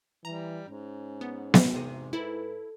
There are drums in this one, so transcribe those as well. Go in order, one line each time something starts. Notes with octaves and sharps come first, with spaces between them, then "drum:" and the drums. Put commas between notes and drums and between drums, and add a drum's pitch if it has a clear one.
E3 G3 A#5
G#2 C#4
B3
drum: snare B3
E2 C3 G#4
E4 A4 B4